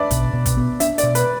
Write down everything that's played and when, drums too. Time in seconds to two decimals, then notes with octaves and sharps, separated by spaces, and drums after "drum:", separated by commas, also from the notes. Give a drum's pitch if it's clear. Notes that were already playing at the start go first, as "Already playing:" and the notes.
Already playing: D4 B4 D5 E5
0.11 B2, drum: kick, hi-hat
0.34 B2
0.46 drum: kick, hi-hat
0.57 B3
0.80 D4 E5, drum: hi-hat
0.98 D5, drum: hi-hat
1.03 B2
1.15 B4, drum: hi-hat